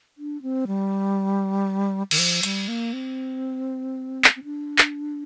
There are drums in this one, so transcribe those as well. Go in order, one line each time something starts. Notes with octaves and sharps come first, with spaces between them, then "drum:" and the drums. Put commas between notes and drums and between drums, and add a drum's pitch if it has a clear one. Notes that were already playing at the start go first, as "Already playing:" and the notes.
D4
C4
G3
D#3, drum: cymbal
F3
G3, drum: hi-hat
A#3
C4
drum: clap
C4
D4
drum: clap